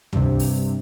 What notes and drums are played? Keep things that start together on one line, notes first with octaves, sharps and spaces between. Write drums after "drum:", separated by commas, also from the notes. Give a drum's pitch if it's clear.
G2 C3, drum: tom C#2
drum: open hi-hat